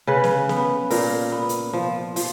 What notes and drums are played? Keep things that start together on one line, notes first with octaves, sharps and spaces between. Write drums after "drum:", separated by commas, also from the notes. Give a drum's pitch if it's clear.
C#3 B4
drum: snare
B3, drum: snare
A#2 A#4, drum: open hi-hat
B3
drum: hi-hat
F3
F3, drum: open hi-hat